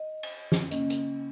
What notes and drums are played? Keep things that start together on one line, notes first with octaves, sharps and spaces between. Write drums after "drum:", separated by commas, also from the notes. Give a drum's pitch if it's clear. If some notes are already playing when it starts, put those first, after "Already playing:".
Already playing: D#5
drum: cymbal
drum: snare
C#3 A#3 C#4 D#5, drum: hi-hat
drum: hi-hat